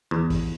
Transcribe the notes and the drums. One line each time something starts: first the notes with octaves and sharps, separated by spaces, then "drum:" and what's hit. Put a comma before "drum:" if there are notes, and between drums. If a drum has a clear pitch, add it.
E2
drum: kick, open hi-hat